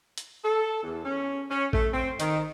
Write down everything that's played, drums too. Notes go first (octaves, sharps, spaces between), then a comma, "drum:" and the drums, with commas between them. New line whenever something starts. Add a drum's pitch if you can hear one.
drum: hi-hat
A4
E2
C#4
C#4
A3, drum: kick A1
C4
D#3, drum: hi-hat